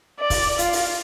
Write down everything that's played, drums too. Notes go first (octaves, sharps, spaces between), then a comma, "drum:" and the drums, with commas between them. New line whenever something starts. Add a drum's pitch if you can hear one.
D5
drum: kick, open hi-hat
F4, drum: hi-hat
drum: open hi-hat